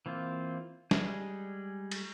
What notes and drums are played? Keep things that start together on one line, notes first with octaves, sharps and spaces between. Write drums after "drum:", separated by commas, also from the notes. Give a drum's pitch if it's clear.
E3 A#3 C4 F4
G3 G#3 G#4, drum: snare
drum: cymbal